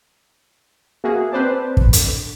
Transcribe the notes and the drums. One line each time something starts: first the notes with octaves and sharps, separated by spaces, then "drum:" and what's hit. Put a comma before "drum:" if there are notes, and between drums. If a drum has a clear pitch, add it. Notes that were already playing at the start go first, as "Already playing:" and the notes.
A#3 F#4 G#4 E5
C4 B4 C5 D5 A5
drum: kick
D3, drum: hi-hat